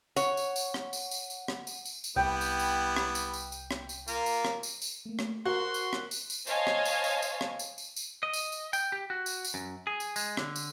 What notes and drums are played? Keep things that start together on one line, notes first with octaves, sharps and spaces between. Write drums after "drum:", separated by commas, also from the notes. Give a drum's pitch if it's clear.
C#5 F#5, drum: tambourine
drum: tambourine
drum: tambourine
drum: rim click
drum: tambourine
drum: tambourine
drum: tambourine
drum: rim click
drum: tambourine
drum: tambourine
drum: tambourine
C2 G3 B3 E4 G5
drum: tambourine
drum: tambourine
drum: rim click
drum: tambourine
drum: tambourine
drum: tambourine
drum: rim click
drum: tambourine
A#3 F4 A#4, drum: tambourine
drum: tambourine
drum: rim click
drum: tambourine
drum: tambourine
A3 A#3
drum: rim click
F#4 A#4 C5 C6
drum: tambourine
drum: rim click
drum: tambourine
drum: tambourine
C5 C#5 D#5 F5 G#5 A5, drum: tambourine
drum: rim click
drum: tambourine
drum: tambourine
drum: tambourine
drum: rim click
drum: tambourine
drum: tambourine
drum: tambourine
D#5
drum: tambourine
drum: tambourine
G5, drum: tambourine
G4
F#4
drum: tambourine
drum: tambourine
F#2
G#4
drum: tambourine
G#3, drum: tambourine
D3, drum: rim click
drum: tambourine